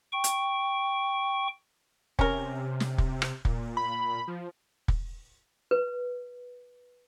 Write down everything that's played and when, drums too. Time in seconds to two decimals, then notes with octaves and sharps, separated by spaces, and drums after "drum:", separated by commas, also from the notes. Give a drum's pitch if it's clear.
0.13 G5 C#6
0.24 drum: hi-hat
2.19 C3 C#4 A#4, drum: kick
2.80 drum: snare
2.98 drum: kick
3.22 drum: rim click
3.45 A#2, drum: kick
3.77 B5
4.28 F3
4.88 drum: kick
5.71 B4